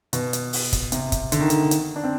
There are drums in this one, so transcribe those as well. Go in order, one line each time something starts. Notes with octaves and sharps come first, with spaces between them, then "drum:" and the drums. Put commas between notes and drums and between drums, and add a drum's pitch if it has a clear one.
B2, drum: hi-hat
drum: hi-hat
drum: open hi-hat
drum: kick, hi-hat
C3, drum: hi-hat
drum: kick, hi-hat
D3, drum: hi-hat
D#3
D3, drum: hi-hat
drum: hi-hat
D4
C4